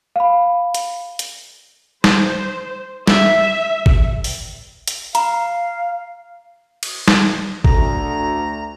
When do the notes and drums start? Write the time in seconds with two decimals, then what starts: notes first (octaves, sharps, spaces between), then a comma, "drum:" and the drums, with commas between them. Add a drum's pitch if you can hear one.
0.16 F5 B5
0.74 drum: hi-hat
1.19 drum: hi-hat
2.04 C5, drum: snare
3.07 E5, drum: snare
3.86 drum: kick
4.24 drum: open hi-hat
4.87 drum: hi-hat
5.15 F5 A#5, drum: hi-hat
6.83 drum: cymbal
7.08 drum: snare
7.64 D2 A#5, drum: kick